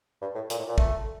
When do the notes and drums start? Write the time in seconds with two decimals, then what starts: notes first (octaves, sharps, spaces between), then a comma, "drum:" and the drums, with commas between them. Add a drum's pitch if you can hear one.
0.22 G2
0.35 A2
0.50 A#2, drum: hi-hat
0.59 A2
0.69 A#2
0.78 A3, drum: kick